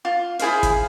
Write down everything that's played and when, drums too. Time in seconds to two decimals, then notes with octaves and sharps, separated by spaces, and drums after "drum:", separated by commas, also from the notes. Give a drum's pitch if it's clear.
0.05 F4
0.39 E4 G#4 C5 F5, drum: hi-hat
0.63 drum: kick, hi-hat